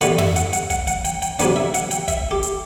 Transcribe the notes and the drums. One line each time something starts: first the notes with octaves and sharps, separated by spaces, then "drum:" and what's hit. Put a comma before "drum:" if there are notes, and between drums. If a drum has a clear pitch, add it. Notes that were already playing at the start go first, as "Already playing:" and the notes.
A2 E3 G3 B3 F#5, drum: hi-hat
E5, drum: tom
F#5, drum: hi-hat
F#5, drum: hi-hat
F#5, drum: kick, hi-hat
F#5, drum: hi-hat
G5, drum: hi-hat
G5, drum: hi-hat
C3 F#3 B3 D4 F#5, drum: hi-hat
E5
F#5, drum: hi-hat
G5, drum: hi-hat
E5, drum: kick, hi-hat
G4
drum: hi-hat